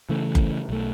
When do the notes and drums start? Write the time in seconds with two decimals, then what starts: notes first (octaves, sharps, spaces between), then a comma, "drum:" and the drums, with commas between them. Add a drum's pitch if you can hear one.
0.09 C#3 E3 A3
0.35 drum: kick F#1
0.69 B1 A3